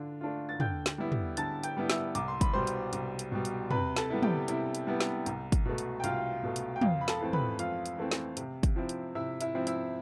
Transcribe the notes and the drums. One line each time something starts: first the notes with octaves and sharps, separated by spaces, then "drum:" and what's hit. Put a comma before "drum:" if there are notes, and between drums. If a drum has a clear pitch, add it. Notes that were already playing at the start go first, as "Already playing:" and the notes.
Already playing: D3 D4 F4
A3 D4 F4
A6
D3 G5 G6, drum: tom
drum: snare
G3 B3 E4
drum: tom
D3 A5 A6, drum: hi-hat
G5 G6, drum: hi-hat
G3 B3 E4
E5 E6, drum: snare
C2 D6, drum: hi-hat
C6
B5, drum: kick, hi-hat
B2 G3 C5 C6
drum: hi-hat
C2, drum: hi-hat
drum: hi-hat
B2 G3
drum: hi-hat
C3 B4 B5, drum: tom
A4 A5, drum: snare
G3 B3 E4
G4 G5, drum: tom
C3 E4 E5, drum: hi-hat
drum: hi-hat
G3 B3 E4
drum: snare
C2, drum: hi-hat
drum: kick, hi-hat
B2 A3
drum: hi-hat
G5
C2 F4 F5, drum: hi-hat
B2 A3
drum: hi-hat
G5
F2 F4 F5, drum: tom
B5
A4 A5, drum: snare
E3 A3 C4
B4 B5, drum: tom
F2 F4 F5, drum: hi-hat
drum: hi-hat
E3 A3 C4
drum: snare
C3, drum: hi-hat
drum: kick, hi-hat
F3 C4 E4
drum: hi-hat
C3 E4 E5
E4 E5, drum: hi-hat
F3 C4 E4
E4 E5, drum: hi-hat